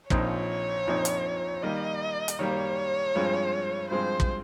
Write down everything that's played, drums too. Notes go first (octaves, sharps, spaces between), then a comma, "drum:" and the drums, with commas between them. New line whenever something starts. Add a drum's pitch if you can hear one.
A#1 A#2 F3 C4 D#4 C#5, drum: kick
A#1 A#2 F3 C4 D#4
drum: hi-hat
D#3 G3 A#3 D#5
drum: hi-hat
D#3 G3 A#3 C#5
G2 F3 G#3 C4
G2 F3 G#3 C4 C5
drum: kick